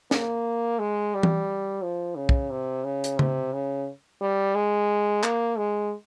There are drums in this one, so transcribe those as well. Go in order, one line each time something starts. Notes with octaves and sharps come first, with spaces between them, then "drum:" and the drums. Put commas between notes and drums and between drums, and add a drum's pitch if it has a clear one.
A#3, drum: snare
G#3
G3
drum: tom E3
F3
C#3
drum: kick
C3
C#3
drum: hi-hat
C3, drum: tom C#3
C#3
G3
G#3
A#3, drum: clap
G#3